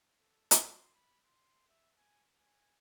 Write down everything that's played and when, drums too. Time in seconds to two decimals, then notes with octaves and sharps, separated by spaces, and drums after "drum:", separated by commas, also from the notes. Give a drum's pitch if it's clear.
0.20 A4
0.51 drum: hi-hat
0.62 C6
0.94 B5
1.26 C6
1.68 E5
1.98 G#5
2.38 G#5